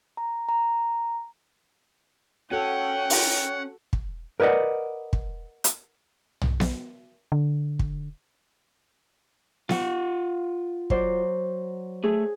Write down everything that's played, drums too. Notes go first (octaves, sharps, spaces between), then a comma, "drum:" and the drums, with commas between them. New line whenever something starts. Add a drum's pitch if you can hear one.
A#5
A#5
C#4 F#4 A4 F#5 G5
drum: open hi-hat
drum: kick
A#4 B4 D5 D#5 F#5
drum: kick
drum: hi-hat
drum: tom
drum: snare B3
D3
drum: kick
F4 F#5, drum: snare B3
F#3 C5 D5, drum: kick
A3 G#4